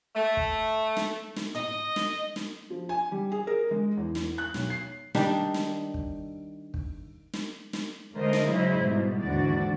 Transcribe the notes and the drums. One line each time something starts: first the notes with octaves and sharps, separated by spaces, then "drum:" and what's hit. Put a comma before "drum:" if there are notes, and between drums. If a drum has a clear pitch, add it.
A3
drum: kick
drum: snare
drum: snare
D#5, drum: tom
drum: snare
drum: snare
F3
G#5
G3
G#4
A#4
G#3
E2
drum: snare
F#6
B1, drum: snare
C7
D#3 G3 D4 D#4, drum: snare
drum: snare
drum: kick
drum: kick
drum: snare
drum: snare
D3 G#3 A3 A#4 C5 D#5
drum: snare
C#3 F#3 G#3 D#4 E4 C5
G#2 B2 G3
D#2 G#2 D3 E3 F#4 D5